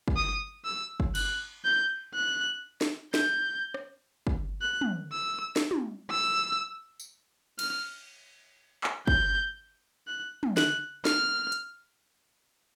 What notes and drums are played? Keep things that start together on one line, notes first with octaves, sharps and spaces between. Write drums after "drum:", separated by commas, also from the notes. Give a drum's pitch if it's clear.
drum: kick
D#6
E6
drum: kick
F#6, drum: cymbal
G6
F#6
drum: snare
G6, drum: snare
drum: rim click
drum: kick
F#6
drum: tom
E6
drum: snare
drum: tom
E6
drum: tambourine
F6, drum: cymbal
drum: clap
G6, drum: kick
F#6
drum: tom
F#6, drum: snare
F6, drum: snare
drum: hi-hat